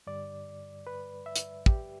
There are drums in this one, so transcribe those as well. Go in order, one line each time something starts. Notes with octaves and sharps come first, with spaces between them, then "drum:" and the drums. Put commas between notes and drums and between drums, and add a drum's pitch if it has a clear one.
G2 D3 G3 D5
B4
E5
drum: hi-hat
G4, drum: kick